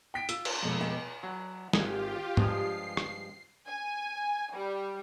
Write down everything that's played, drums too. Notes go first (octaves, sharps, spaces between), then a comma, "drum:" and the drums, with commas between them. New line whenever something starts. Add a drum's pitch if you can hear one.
G5 B6 D7
F4 E6, drum: hi-hat
drum: cymbal
F2 B2 G#3 A3
B2 D#5 G5
F#3
G#1 F4 G4 G#4, drum: snare
G2 F3 G#3 C7, drum: tom
drum: rim click
G#5
G3